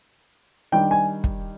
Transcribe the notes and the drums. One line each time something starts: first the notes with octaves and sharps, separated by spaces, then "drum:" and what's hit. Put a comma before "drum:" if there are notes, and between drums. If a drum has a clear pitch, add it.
D#3 G3 D4 G5
G#5
drum: kick